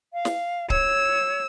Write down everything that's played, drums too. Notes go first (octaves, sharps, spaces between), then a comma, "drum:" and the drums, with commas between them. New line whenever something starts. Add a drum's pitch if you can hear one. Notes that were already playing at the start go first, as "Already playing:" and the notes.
F5
drum: snare
C#5 E6, drum: kick C#1